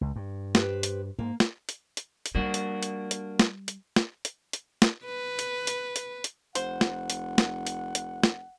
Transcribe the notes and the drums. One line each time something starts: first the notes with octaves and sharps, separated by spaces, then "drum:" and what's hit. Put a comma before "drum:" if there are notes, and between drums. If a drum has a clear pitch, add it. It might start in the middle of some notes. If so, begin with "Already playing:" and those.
C#2
G2
G4 B4 C5, drum: snare
drum: hi-hat
G#2 A#3
drum: snare
drum: hi-hat
drum: hi-hat
drum: hi-hat
G3 A#3 D4 F#4
drum: hi-hat
drum: hi-hat
drum: hi-hat
drum: snare
drum: hi-hat
drum: snare
drum: hi-hat
drum: hi-hat
drum: snare
B4
drum: hi-hat
drum: hi-hat
drum: hi-hat
drum: hi-hat
F1 C5 F#5, drum: hi-hat
drum: snare
drum: hi-hat
drum: snare
drum: hi-hat
drum: hi-hat
drum: snare